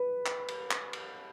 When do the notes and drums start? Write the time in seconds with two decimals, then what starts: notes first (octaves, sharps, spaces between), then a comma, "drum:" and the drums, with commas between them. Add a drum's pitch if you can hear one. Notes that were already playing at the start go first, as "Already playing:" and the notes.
Already playing: B4
0.26 drum: clap
0.48 drum: cymbal
0.71 drum: clap
0.93 drum: cymbal